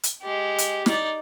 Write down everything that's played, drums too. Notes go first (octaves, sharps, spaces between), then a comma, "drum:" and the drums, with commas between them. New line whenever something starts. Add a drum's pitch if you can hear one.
drum: hi-hat
G#3 G4
drum: hi-hat
D#4 D5, drum: snare